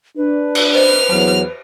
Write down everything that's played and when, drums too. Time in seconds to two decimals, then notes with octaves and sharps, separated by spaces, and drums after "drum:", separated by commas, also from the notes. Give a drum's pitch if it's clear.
0.17 D4 B4
0.55 drum: cymbal
0.75 C5 D#5 F6
1.10 E2 F#3 A5